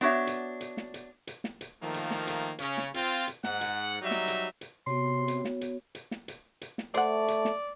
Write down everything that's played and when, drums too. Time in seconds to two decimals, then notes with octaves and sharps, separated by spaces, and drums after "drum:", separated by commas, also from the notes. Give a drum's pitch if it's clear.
0.01 B3 D4 F#4 C#5 E5
0.27 drum: hi-hat
0.61 drum: hi-hat
0.77 drum: snare
0.94 drum: hi-hat
1.27 drum: hi-hat
1.44 drum: snare
1.61 drum: hi-hat
1.83 D#3 F3 A3 A#3
1.94 drum: hi-hat
2.11 drum: snare
2.28 drum: hi-hat
2.59 C#3 C#4, drum: hi-hat
2.78 drum: snare
2.94 C4 F4, drum: hi-hat
3.28 drum: hi-hat
3.44 G#2 F#5, drum: snare
3.61 drum: hi-hat
4.02 F#3 G3 D#4 E5
4.11 drum: snare
4.28 drum: hi-hat
4.61 drum: hi-hat
4.87 C3 B3 F#4 C#5 C6
5.28 drum: hi-hat
5.45 drum: snare
5.61 drum: hi-hat
5.95 drum: hi-hat
6.11 drum: snare
6.28 drum: hi-hat
6.61 drum: hi-hat
6.78 drum: snare
6.94 A3 C5 D5 F#5, drum: hi-hat
7.28 drum: hi-hat
7.45 drum: snare